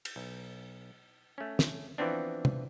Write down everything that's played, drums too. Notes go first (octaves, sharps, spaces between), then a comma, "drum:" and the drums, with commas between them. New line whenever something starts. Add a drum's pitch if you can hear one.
drum: cymbal
B1
A3 C#4
drum: snare
E3 F3 B3 C4 D4
drum: tom